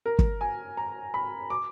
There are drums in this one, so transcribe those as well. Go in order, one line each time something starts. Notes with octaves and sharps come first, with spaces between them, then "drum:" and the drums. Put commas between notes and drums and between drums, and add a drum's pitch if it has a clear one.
A#4
drum: kick
G#5
A#5
B5
D6